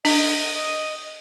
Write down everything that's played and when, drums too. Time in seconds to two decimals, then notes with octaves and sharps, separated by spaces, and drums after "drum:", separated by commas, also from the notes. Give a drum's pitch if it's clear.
0.05 D4 D#5, drum: open hi-hat